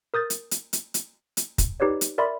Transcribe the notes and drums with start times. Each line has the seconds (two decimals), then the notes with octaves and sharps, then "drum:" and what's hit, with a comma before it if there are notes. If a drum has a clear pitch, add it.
0.14 A#4 D#6 G6 A6
0.30 drum: hi-hat
0.51 drum: hi-hat
0.73 drum: hi-hat
0.94 drum: hi-hat
1.37 drum: hi-hat
1.58 drum: kick, hi-hat
1.80 D#4 G4 B4 C#5 D5
2.01 drum: hi-hat
2.18 A#4 D5 E5 B5 C6